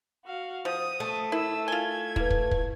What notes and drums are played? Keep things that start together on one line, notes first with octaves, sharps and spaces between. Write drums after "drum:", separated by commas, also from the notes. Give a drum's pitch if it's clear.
F#4 F5
F3 C5 D#6
A3
E4 A#4 E6
F4 G#5 G#6 G7
A#3 E4 B4, drum: kick
drum: kick
drum: kick